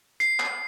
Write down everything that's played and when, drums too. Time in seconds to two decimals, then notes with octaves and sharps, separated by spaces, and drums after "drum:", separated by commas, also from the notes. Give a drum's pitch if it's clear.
0.20 C7, drum: hi-hat
0.40 drum: clap